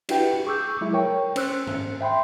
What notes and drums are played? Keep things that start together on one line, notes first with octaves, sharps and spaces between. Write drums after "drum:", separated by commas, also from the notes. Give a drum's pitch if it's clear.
D4 E4 F#4 G4 B4 G5, drum: cymbal
G#4 C#6 D6 E6 G6
F#3 G#3 E4
A#4 C#5 G5 C#6
C#4 C5 E6 F#6, drum: cymbal
drum: tom G#2
E5 G5 B5 C6